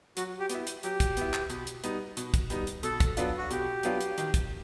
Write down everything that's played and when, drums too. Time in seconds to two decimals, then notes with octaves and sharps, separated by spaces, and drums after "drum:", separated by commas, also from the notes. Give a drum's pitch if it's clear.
0.17 F#3 F#4, drum: hi-hat
0.39 G4
0.49 B3, drum: hi-hat
0.55 E4
0.67 drum: hi-hat
0.83 F#3 G4, drum: hi-hat
1.00 drum: kick, hi-hat
1.17 B3 E4, drum: hi-hat
1.34 drum: clap
1.50 B2, drum: hi-hat
1.67 drum: hi-hat
1.84 G3 B3 D#4, drum: hi-hat
2.17 B2, drum: hi-hat
2.34 drum: kick, hi-hat
2.50 G3 B3 D#4, drum: hi-hat
2.67 drum: hi-hat
2.83 B2 A4, drum: hi-hat
3.00 drum: kick, hi-hat
3.17 F#3 B3 D4 F4, drum: hi-hat
3.38 F#4
3.51 B2 G4, drum: hi-hat
3.83 F#3 B3 D4 F4, drum: hi-hat
4.01 drum: hi-hat
4.18 D#3, drum: hi-hat
4.34 drum: kick, hi-hat